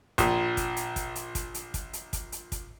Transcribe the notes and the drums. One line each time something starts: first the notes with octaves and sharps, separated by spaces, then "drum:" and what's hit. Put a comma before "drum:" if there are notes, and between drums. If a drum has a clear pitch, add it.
A#1 A#2, drum: kick, hi-hat
drum: kick, hi-hat
drum: hi-hat
drum: kick, hi-hat
drum: hi-hat
drum: kick, hi-hat
drum: hi-hat
drum: kick, hi-hat
drum: hi-hat
drum: kick, hi-hat
drum: hi-hat
drum: kick, hi-hat